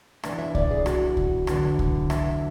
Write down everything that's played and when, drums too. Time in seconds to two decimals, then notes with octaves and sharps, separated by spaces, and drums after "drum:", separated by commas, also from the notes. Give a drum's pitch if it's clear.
0.23 F#2 E3 B3 D4 E5, drum: rim click
0.39 E5
0.55 D5, drum: kick C2
0.71 G#4
0.86 F#4, drum: rim click
1.17 drum: kick C2
1.47 E2 D3 F#3 B3, drum: rim click
1.79 drum: kick C2
2.10 E5, drum: rim click